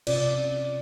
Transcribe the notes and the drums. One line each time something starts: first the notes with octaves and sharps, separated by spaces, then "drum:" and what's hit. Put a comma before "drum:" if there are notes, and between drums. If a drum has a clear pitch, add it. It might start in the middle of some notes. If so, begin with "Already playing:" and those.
C3 C#4 F4 D5, drum: cymbal